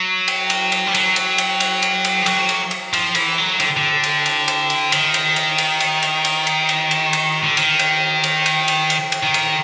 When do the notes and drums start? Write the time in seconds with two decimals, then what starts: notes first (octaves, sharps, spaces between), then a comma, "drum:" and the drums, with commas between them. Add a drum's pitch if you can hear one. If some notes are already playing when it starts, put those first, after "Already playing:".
Already playing: F#3
0.28 drum: cymbal
0.50 drum: cymbal
0.72 drum: cymbal
0.87 G3
0.95 F#3, drum: cymbal
1.16 drum: cymbal
1.38 drum: cymbal
1.60 drum: cymbal
1.82 drum: cymbal
2.05 drum: cymbal
2.22 F3
2.26 F#3, drum: cymbal
2.49 drum: cymbal
2.71 drum: cymbal
2.93 F3, drum: cymbal
3.15 E3, drum: cymbal
3.38 F#3
3.60 D3, drum: cymbal
3.77 D3
4.04 drum: cymbal
4.26 drum: cymbal
4.48 drum: cymbal
4.70 drum: cymbal
4.92 D#3, drum: cymbal
5.14 drum: cymbal
5.36 drum: cymbal
5.58 drum: cymbal
5.80 drum: cymbal
6.03 drum: cymbal
6.25 drum: cymbal
6.47 drum: cymbal
6.69 drum: cymbal
6.91 drum: cymbal
7.13 drum: cymbal
7.44 D3
7.57 D#3, drum: cymbal
7.79 drum: cymbal
8.24 drum: cymbal
8.46 drum: cymbal
8.68 drum: cymbal
8.90 drum: cymbal
9.12 drum: cymbal
9.23 D#3
9.34 drum: cymbal